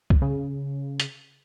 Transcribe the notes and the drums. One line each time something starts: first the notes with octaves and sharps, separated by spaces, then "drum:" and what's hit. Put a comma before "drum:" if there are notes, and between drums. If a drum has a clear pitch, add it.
drum: kick C2
C#3
drum: hi-hat